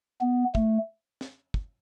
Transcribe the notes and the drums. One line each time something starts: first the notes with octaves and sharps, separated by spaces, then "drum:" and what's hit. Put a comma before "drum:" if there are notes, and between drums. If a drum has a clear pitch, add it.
B3
A3, drum: kick
drum: snare
drum: kick